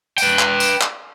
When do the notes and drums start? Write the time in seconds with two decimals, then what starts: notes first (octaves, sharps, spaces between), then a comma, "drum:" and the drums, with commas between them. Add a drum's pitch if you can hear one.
0.18 B4 G5, drum: tambourine
0.39 drum: clap
0.60 drum: tambourine
0.81 drum: clap